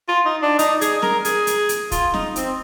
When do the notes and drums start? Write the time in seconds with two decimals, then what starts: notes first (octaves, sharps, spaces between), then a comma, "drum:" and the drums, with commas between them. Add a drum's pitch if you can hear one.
0.09 F4
0.25 D#4
0.42 D4
0.59 D#4, drum: hi-hat
0.81 G#4, drum: hi-hat
1.02 A#4, drum: snare
1.25 G#4, drum: hi-hat
1.47 drum: hi-hat
1.69 drum: hi-hat
1.92 F4, drum: kick, hi-hat
2.14 D#4, drum: snare
2.36 C4, drum: hi-hat